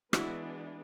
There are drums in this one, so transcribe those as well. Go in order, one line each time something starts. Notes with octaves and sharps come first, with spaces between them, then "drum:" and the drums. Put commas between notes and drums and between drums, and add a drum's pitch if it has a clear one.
E3 G#3 B3 D4 E4 F#4, drum: rim click